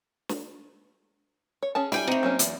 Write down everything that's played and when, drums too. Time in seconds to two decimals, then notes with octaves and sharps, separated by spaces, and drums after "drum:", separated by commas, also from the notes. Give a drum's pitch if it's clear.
0.29 drum: snare
1.63 C#5
1.75 C#4 G#4 A5
1.92 G3 E4 G5 G#5, drum: snare
2.07 A3 C4 D#4
2.23 F#3 A#3 C#4
2.39 E2, drum: hi-hat